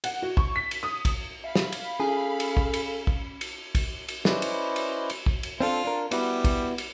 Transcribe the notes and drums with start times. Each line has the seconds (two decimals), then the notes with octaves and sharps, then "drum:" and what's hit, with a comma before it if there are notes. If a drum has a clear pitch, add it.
0.04 F#5, drum: cymbal
0.22 F#4
0.37 C#6, drum: kick
0.56 B6
0.71 drum: cymbal
0.83 D#6
1.05 drum: kick, cymbal
1.44 E5 F5 B5
1.55 drum: snare
1.72 drum: cymbal
2.00 C#4 G#4 A4
2.40 drum: cymbal
2.57 drum: kick
2.74 drum: cymbal
3.07 drum: kick
3.41 drum: cymbal
3.75 drum: kick, cymbal
4.08 drum: cymbal
4.25 C#4 E4 B4 C5 D5 D#5, drum: snare
4.42 drum: cymbal
4.76 drum: cymbal
5.10 drum: cymbal
5.26 drum: kick
5.43 drum: cymbal
5.61 C4 D4 F4 A4
5.85 D4 A#4
6.11 G3 B3 E4 F#4, drum: cymbal
6.44 drum: kick, cymbal
6.78 drum: cymbal